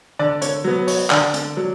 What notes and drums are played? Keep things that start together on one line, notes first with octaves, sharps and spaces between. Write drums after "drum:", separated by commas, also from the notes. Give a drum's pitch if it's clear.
D3 D5
C#5, drum: hi-hat
F#3 B3
C#5, drum: open hi-hat
D3 D5, drum: clap
drum: hi-hat
F#3